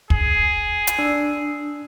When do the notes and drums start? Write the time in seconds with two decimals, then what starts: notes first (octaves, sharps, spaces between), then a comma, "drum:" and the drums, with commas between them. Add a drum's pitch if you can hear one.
0.10 G#4, drum: kick
0.87 drum: hi-hat
0.99 D4 E6